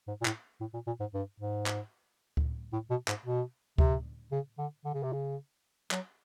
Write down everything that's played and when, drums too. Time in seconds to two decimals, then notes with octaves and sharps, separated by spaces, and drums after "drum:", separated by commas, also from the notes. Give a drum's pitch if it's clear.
0.07 G#2
0.21 A#2
0.25 A2, drum: clap
0.60 A2
0.74 A#2
0.87 A#2
1.00 G#2
1.14 G2
1.40 G#2
1.66 drum: clap
2.37 drum: kick D2
2.73 A2
2.90 B2
3.08 G#2, drum: clap
3.26 B2
3.78 C3, drum: kick D2
4.31 C#3
4.58 D3
4.85 D3
4.94 C#3
5.03 C3
5.13 C#3
5.91 F#3, drum: clap